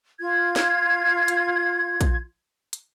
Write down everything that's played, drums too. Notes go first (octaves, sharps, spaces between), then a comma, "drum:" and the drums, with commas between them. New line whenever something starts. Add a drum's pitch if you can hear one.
F4 G#6
drum: snare
drum: hi-hat
drum: kick, hi-hat
drum: hi-hat